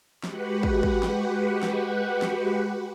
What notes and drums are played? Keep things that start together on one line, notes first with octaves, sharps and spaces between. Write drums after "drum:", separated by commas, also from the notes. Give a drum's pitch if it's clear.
G#3 F#4 G4 B4 F#5, drum: snare
drum: kick
drum: kick
drum: snare
drum: snare
drum: snare